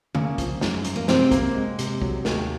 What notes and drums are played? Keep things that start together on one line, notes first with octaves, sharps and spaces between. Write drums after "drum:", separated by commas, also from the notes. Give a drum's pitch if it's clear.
C#3 A#3, drum: tom D3
F3, drum: kick, hi-hat
F#2, drum: snare
F#2, drum: hi-hat
A#3
C3 C4, drum: snare
A#3, drum: kick, hi-hat
G#3
C3, drum: hi-hat
F#3, drum: kick
D#2, drum: snare